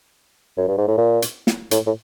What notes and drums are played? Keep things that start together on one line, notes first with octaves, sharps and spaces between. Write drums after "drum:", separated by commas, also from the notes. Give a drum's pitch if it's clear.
F#2
G2
G#2
A2
A#2
drum: hi-hat
drum: snare
A2, drum: hi-hat
A2